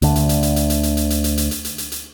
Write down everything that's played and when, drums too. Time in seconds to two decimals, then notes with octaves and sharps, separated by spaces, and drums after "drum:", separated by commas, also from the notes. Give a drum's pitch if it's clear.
0.02 D2 D3, drum: hi-hat
0.16 drum: hi-hat
0.29 drum: hi-hat
0.43 drum: hi-hat
0.56 drum: hi-hat
0.70 drum: hi-hat
0.83 drum: hi-hat
0.97 drum: hi-hat
1.10 drum: hi-hat
1.24 drum: hi-hat
1.37 drum: hi-hat
1.51 drum: hi-hat
1.65 drum: hi-hat
1.78 drum: hi-hat
1.92 drum: hi-hat